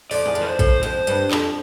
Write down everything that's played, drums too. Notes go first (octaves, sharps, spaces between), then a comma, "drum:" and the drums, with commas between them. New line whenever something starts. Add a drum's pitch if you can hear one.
F2 D5, drum: open hi-hat
E2
F2, drum: hi-hat
B4
C5
A2, drum: kick, hi-hat
F2 C5, drum: hi-hat
G2, drum: hi-hat
F2, drum: clap